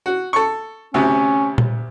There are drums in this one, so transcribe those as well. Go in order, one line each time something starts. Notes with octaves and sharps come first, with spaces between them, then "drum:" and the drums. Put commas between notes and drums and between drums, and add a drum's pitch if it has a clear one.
F#4
A4 C#6
D2 C3 C#4
drum: tom A#2